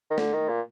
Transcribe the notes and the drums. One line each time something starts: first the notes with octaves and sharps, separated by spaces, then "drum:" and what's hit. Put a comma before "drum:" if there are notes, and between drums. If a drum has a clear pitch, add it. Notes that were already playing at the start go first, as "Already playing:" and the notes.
D#3
D3, drum: snare A3
D#3
A#2